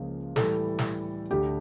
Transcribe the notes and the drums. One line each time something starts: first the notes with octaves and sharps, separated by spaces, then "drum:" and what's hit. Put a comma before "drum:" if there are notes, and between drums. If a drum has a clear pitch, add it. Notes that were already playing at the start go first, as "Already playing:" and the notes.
Already playing: C#2 C#3 F3 A#3
A2 E3 G3 A4, drum: snare
drum: snare
D2 D3 A3 G4